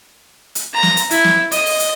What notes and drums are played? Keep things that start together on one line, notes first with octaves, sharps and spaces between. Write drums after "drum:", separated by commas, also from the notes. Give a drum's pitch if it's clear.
drum: hi-hat
A#5
drum: snare
drum: hi-hat
E4, drum: hi-hat
drum: snare
D#5, drum: hi-hat
drum: open hi-hat
drum: hi-hat